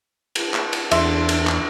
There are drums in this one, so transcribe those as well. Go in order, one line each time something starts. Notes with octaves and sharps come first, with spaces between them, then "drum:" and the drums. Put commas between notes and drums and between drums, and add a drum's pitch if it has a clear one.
drum: cymbal
drum: clap
drum: cymbal
E2 A3 C4 D4 E5 C6, drum: cymbal
drum: cymbal
drum: clap